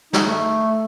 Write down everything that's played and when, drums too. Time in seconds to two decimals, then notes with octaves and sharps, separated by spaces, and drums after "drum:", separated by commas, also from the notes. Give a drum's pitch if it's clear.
0.13 D#4, drum: snare
0.27 A3